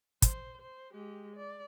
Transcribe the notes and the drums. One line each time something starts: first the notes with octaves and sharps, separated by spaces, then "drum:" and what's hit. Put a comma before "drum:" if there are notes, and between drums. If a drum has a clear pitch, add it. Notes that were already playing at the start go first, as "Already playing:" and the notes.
C5, drum: kick, hi-hat
C5
G#3 G4
D5